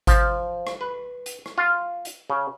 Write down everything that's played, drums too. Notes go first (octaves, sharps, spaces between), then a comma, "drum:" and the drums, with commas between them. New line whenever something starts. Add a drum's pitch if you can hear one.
F3, drum: kick G#1, hi-hat
drum: rim click
B4
drum: hi-hat
drum: rim click
F4
drum: hi-hat
C#3